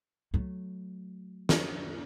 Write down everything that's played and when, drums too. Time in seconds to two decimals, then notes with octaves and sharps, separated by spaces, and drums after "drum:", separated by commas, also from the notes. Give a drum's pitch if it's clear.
0.34 F#3 A3
1.49 drum: snare